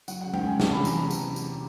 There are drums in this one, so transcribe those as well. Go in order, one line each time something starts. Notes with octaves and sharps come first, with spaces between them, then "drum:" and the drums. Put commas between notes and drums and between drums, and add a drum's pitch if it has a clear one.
F#3 F#5, drum: tambourine
C#3 F#5
G5, drum: tom G#3
C#3 G#5
C3 A5, drum: snare
E2 B5
A#5, drum: tambourine
drum: tambourine
drum: tambourine